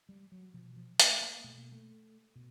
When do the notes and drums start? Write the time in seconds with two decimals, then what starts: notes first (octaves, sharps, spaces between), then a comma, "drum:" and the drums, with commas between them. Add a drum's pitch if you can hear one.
0.09 G3
0.32 F#3
0.54 B2 F3
0.76 F3
1.00 A3, drum: hi-hat
1.21 A#3
1.44 B2 A3
1.58 A#3
1.72 A3
2.36 B2